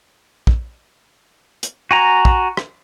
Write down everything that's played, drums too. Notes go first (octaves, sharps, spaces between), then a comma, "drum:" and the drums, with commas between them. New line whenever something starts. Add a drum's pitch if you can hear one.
drum: kick
drum: hi-hat
F#4 G#5 A#5
drum: kick
drum: rim click